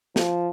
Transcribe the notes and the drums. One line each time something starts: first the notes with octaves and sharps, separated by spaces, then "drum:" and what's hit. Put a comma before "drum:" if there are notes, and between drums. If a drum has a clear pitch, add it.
F3, drum: snare